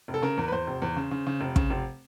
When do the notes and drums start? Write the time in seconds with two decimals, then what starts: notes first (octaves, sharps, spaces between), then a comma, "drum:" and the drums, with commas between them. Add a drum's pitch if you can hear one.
0.08 F1
0.14 A4
0.22 C#3 A#4
0.38 E2
0.48 B4
0.52 E2 C5
0.67 F1
0.82 E2
0.96 C#3
1.11 C#3
1.27 C#3
1.41 F1
1.56 C#3, drum: kick
1.70 F1